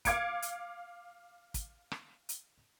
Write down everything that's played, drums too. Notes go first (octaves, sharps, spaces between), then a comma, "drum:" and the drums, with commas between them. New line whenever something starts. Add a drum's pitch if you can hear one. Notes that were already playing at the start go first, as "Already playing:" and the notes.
F5 D6 G#6 C#7 D7, drum: kick, hi-hat
drum: hi-hat
drum: kick, hi-hat
drum: rim click
drum: hi-hat